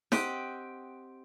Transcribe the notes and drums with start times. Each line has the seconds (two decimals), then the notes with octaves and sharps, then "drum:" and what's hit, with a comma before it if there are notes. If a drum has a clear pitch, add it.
0.12 C4 G4 D#5 F#5, drum: snare